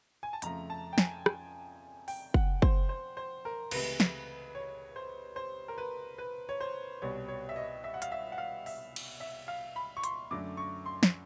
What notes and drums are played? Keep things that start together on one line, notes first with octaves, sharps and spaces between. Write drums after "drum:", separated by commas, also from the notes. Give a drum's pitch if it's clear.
G#5
A5
F2 C#3 F3 A3 A#5, drum: hi-hat
A5
G5
G#5, drum: snare
drum: rim click
G5, drum: open hi-hat
F#5, drum: kick
C5, drum: kick
C5
C5
A#4
C#2 C3 E3 A3 B4, drum: cymbal
drum: snare
C#5
C5
C5
A#4
B4
B4
C#5
C5
C2 B2 G3 C#5
C#5
E5
D#5
E5
F#5
F5, drum: hi-hat
E5
F#5
F5
E5, drum: open hi-hat
drum: cymbal
E5
F5
B5
C#6
C6, drum: hi-hat
F#2 D3 F#3 A3 D6
C#6
C6
drum: snare